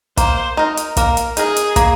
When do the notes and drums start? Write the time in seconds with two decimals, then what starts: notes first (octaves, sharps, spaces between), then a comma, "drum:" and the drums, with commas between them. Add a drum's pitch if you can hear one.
0.17 A#3 C5, drum: kick, hi-hat
0.57 D#4 A#4
0.77 drum: hi-hat
0.97 A#3 A#4, drum: kick, hi-hat
1.17 drum: hi-hat
1.37 D#4 G#4 A#4, drum: hi-hat
1.57 drum: hi-hat
1.76 A#3, drum: kick, hi-hat